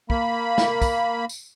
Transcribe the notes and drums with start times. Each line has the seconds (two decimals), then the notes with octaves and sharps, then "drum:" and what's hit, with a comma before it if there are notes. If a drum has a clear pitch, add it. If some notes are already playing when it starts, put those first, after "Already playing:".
0.10 A#3 B5, drum: kick
0.58 drum: snare
0.82 drum: kick, tambourine
1.29 drum: tambourine